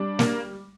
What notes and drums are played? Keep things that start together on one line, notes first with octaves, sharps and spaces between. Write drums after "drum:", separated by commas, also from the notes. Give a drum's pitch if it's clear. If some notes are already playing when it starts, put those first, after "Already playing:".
Already playing: G3 D4
A#3, drum: snare